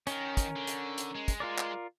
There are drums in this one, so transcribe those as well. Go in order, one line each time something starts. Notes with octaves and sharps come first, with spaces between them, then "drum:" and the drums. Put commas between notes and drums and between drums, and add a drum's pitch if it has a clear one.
D#3 C#4 A#4, drum: hi-hat
drum: kick, hi-hat
D3
drum: hi-hat
drum: hi-hat
G#3
drum: kick, hi-hat
F4 A#4 D5
drum: clap